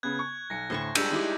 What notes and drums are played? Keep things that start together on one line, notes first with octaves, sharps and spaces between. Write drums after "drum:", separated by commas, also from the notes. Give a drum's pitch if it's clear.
C#3 B3 F#6 G#6
C#6
B1 A#6 C#7
D2 A2 C5 A5 C#6
G3 G#3 D4 E6 G6, drum: cymbal
D#4 E4 G4